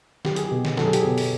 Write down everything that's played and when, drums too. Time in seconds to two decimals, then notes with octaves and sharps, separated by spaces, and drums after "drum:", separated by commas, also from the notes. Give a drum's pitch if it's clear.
0.25 F#3 G4, drum: snare
0.36 G#4, drum: hi-hat
0.48 B2 G4
0.65 drum: snare
0.77 F#3 A4, drum: snare
0.85 G#4
0.93 G4, drum: hi-hat
1.00 B2 G#4
1.18 drum: open hi-hat